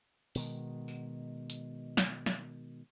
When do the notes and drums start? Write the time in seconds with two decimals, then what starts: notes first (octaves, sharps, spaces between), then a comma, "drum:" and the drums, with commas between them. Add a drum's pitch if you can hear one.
0.35 B2 D#3 G#3, drum: open hi-hat
0.88 drum: tambourine
1.50 drum: hi-hat
1.97 drum: snare
2.26 drum: snare